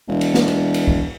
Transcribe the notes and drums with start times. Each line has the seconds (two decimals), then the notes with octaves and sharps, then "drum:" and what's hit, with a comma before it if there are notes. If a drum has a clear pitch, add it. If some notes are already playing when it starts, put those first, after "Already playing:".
0.08 E1
0.21 drum: cymbal
0.34 drum: snare B4
0.48 drum: cymbal
0.74 drum: cymbal
0.88 drum: kick